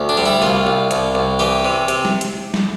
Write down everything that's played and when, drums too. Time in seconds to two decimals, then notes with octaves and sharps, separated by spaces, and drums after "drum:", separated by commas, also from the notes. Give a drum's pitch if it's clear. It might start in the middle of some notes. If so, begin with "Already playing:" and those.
Already playing: D2
0.09 D4
0.17 G3
0.26 E4
0.42 C2 F4
0.67 C2
0.91 C2, drum: hi-hat
1.15 C2
1.39 E3 G4
1.65 C3
1.88 C3, drum: hi-hat
2.05 drum: snare
2.21 drum: hi-hat
2.54 drum: snare